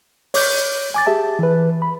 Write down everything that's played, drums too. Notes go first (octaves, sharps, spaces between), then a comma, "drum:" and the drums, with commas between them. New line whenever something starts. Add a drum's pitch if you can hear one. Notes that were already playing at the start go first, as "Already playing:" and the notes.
C#5 D6 G6, drum: open hi-hat
G#5 D6 A6
G4 G#4 E5 A5
E3 B4
B5